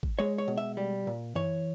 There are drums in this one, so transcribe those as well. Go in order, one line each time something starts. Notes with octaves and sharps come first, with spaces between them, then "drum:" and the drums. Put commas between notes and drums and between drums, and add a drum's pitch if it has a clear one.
drum: kick G#1
G#3 C#5
C#5
B2
E5
G3
A#2
E3 C#5, drum: tom F#2